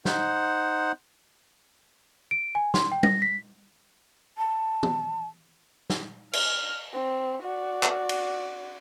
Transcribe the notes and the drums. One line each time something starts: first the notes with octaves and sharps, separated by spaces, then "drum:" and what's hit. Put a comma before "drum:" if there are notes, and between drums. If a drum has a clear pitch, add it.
D#4 C5 F#5, drum: snare
D7
G#5
C6, drum: snare
G5
A#6, drum: tom G3
B6
A5
drum: tom
drum: snare
F6, drum: cymbal
C4
F#4 D5
drum: clap
drum: cymbal